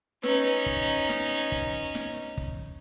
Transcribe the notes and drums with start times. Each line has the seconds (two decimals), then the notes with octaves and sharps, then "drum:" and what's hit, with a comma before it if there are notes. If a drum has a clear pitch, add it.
0.23 C#4 D#4 B4, drum: snare
0.66 drum: kick
1.09 drum: snare
1.52 drum: kick
1.95 drum: snare
2.37 drum: kick